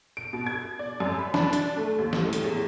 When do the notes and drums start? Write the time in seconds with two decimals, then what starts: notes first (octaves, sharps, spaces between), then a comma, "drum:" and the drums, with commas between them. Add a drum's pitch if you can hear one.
0.17 D7
0.33 B2
0.46 G#6
0.79 D5
1.00 F#2
1.19 B5
1.34 D4, drum: snare
1.53 drum: hi-hat
1.77 A3
1.99 D#2
2.13 drum: snare
2.23 A2
2.33 drum: hi-hat
2.44 E2